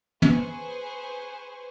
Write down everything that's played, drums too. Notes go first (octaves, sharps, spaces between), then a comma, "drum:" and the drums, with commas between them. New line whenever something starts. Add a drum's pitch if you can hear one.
G#4 B4 C5 C#6, drum: tom